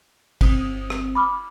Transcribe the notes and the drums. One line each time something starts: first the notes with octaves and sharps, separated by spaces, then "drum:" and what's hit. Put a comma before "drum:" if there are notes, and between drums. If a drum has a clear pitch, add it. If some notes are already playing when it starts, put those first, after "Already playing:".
G1 C4 D#6, drum: kick, cymbal
drum: rim click
B5 D6 F6